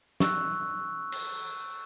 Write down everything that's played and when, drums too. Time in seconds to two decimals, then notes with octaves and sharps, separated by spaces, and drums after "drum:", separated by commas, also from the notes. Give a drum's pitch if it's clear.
0.20 C#6 E6 F#6, drum: snare
1.12 drum: cymbal